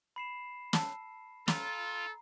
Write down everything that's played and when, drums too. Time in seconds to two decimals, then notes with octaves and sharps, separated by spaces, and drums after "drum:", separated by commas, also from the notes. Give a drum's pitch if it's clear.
0.16 B5 C7 E7
0.73 A5 E6, drum: snare
1.48 F4 A4 A#5, drum: snare